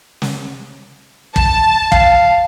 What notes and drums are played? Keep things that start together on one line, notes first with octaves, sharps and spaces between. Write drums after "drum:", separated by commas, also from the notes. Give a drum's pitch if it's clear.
drum: snare
A5, drum: kick
F5, drum: kick